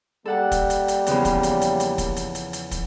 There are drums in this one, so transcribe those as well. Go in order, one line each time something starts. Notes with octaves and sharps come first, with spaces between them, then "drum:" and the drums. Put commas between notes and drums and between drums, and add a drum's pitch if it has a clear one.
G3 A#3 A4 F#5 A5
drum: kick, hi-hat
drum: hi-hat
drum: hi-hat
E2 C#3 F3, drum: hi-hat
drum: kick, hi-hat
drum: hi-hat
drum: hi-hat
drum: hi-hat
drum: kick, hi-hat
drum: hi-hat
drum: hi-hat
drum: hi-hat
drum: kick, hi-hat